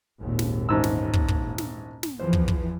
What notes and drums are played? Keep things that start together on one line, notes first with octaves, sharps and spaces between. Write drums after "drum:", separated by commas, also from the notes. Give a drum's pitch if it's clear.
G#1 D#2 A#2
drum: snare
A1 G#2 E6
drum: snare
drum: kick
drum: kick
drum: snare
drum: snare
E2 E3 F3 C5
drum: kick
drum: kick